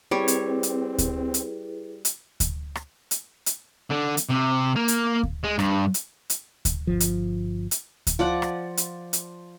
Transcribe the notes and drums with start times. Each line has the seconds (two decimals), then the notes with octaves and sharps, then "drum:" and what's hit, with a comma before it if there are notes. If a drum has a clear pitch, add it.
0.11 G3 C4 E4 G#4 B4 C#5
0.28 drum: hi-hat
0.63 drum: hi-hat
0.98 drum: kick D2, hi-hat
1.34 drum: hi-hat
2.05 drum: hi-hat
2.40 drum: kick D2, hi-hat
2.75 drum: rim click
3.11 drum: hi-hat
3.46 drum: hi-hat
3.90 D3
4.17 drum: hi-hat
4.29 C3
4.76 A#3
4.88 drum: hi-hat
5.23 drum: kick D2
5.44 G#3
5.59 G2, drum: rim click
5.94 drum: hi-hat
6.30 drum: hi-hat
6.65 drum: kick D2, hi-hat
6.87 G1 F3
7.00 drum: hi-hat
7.71 drum: hi-hat
8.07 drum: kick D2, hi-hat
8.19 F3 D5 F#5 D6
8.42 drum: rim click
8.77 drum: hi-hat
9.13 drum: hi-hat